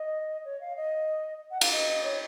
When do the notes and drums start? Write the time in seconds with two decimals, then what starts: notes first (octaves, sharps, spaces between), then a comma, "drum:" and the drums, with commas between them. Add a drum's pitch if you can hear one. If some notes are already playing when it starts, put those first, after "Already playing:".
Already playing: D#5
0.45 C#5
0.61 F5
0.76 D#5
1.51 F#5
1.61 F5, drum: cymbal
1.73 D#5
2.04 C#5